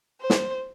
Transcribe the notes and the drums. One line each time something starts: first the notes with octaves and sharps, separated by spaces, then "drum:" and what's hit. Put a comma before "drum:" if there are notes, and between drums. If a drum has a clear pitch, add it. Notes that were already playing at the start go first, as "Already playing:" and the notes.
C5
drum: snare